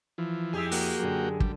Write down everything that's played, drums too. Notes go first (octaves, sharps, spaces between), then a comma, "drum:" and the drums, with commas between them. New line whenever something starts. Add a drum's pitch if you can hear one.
E3 F3
F2 G#3 E4 G4 G#4 E6
A#3 F#4 G5, drum: open hi-hat
F#2 D3
G3, drum: kick